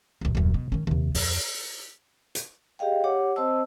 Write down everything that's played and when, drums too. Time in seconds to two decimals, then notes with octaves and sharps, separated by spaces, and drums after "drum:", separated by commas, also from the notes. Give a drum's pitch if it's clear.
0.21 D1 C#2
0.35 D#1 F#2
0.54 B2
0.72 D#3 C#4
0.87 D#2 C3
1.15 F2, drum: open hi-hat
2.35 drum: hi-hat
2.79 G4 G#4 D#5 F5 G5
3.04 G4 C#5 F#5 D6
3.36 C4 C5 D#5 A5 E6